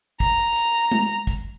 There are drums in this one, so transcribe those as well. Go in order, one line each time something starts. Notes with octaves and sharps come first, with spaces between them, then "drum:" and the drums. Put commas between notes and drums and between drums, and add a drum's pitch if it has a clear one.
A#5, drum: kick, hi-hat
drum: hi-hat
drum: tom G#3
drum: kick, hi-hat